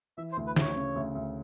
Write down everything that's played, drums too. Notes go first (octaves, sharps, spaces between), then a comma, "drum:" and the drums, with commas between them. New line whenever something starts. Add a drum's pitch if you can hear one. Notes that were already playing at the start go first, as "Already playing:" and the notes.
E3 E5
C5
D2
B4
D2 C#5, drum: snare
C#3
D2
D2